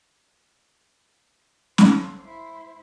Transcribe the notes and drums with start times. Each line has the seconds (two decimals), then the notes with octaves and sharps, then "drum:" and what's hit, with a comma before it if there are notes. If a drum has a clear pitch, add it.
1.78 C5, drum: snare
2.21 E4 C5